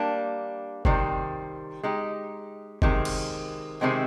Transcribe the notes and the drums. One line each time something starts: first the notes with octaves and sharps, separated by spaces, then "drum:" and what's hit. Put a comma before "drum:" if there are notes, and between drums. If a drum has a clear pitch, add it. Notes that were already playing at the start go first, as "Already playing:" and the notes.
Already playing: G3 A#3 D4
C3 D#3 G3 C4, drum: kick F#1
G#3 D#4 G4
C3 D#3 G#3, drum: kick F#1
drum: cymbal
C3 D#3 G#3 C4